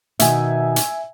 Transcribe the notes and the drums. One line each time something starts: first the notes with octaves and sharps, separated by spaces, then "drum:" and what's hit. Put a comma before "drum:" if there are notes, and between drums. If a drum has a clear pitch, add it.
B2 D#3 E5 G#5, drum: hi-hat
drum: hi-hat